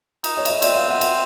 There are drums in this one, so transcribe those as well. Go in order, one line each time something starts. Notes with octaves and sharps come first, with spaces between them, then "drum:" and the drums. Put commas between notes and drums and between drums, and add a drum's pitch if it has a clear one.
D#4, drum: cymbal
C#5 D#5
E5, drum: cymbal
C#5 D#5
C4 D5 E5, drum: cymbal
D#5 F5
E5 F#5
E5 F#5, drum: cymbal